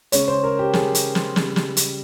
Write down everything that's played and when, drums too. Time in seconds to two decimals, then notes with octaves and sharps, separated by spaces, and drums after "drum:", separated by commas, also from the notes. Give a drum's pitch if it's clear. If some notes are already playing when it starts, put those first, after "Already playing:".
0.12 C#3 G#3 C#5, drum: hi-hat
0.28 C5
0.44 A#4
0.59 G4
0.73 G#4, drum: snare
0.95 drum: hi-hat
1.15 drum: snare
1.36 C#3 G3, drum: snare
1.56 drum: snare
1.77 drum: hi-hat